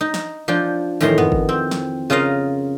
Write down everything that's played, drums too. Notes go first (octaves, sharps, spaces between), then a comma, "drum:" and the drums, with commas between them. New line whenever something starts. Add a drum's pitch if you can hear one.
D#4
drum: snare
F3 D4 G5
F2 A2 D#3 E3 A#5 C6, drum: tambourine
B3, drum: tom E2
drum: kick G#1
C4
drum: snare
C#3 F4 A#4 D#5 F5